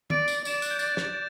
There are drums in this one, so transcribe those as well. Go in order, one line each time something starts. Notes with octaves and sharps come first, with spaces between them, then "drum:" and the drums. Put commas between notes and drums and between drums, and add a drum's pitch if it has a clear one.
D5 D7, drum: tom
drum: tambourine
D5 E7, drum: tambourine
D7
F#6, drum: tambourine
G6
A6, drum: tambourine
drum: snare